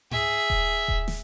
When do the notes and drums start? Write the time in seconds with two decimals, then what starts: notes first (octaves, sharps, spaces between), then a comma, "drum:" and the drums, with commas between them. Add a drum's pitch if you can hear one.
0.11 G#4 E5, drum: tom G#2
0.50 drum: kick D#1
0.88 drum: kick D#1
1.08 drum: snare